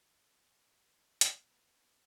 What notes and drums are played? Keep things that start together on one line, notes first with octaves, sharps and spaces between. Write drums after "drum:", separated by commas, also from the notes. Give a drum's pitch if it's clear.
B3 D4 B5, drum: hi-hat